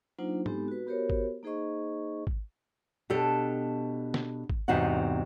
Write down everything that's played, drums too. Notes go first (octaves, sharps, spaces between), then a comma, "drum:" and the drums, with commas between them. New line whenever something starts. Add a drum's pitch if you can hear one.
F#3 A#3 D4 D#4 F4 C5
G#3 B3 C4 D#4 G4 A4, drum: tom G#2
F#4 B4
B3 F#4 G4 A#4 C5 C#5
drum: kick G#1
A#3 D#4 G#4 C5 D#5 C#6
drum: kick G#1
B2 D4 G4 A4
drum: snare
drum: kick G#1
E2 G#2 C3 D#4 F#4 F#5